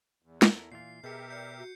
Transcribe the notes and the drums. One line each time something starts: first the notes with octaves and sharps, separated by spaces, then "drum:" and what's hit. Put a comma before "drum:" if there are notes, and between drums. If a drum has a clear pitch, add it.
E2
E4 A4 A#4, drum: snare
A#2 E3 F4 C7
B2 G4 G#4 A#4 E5 G6 C#7
D5 G6 C7 C#7
F#4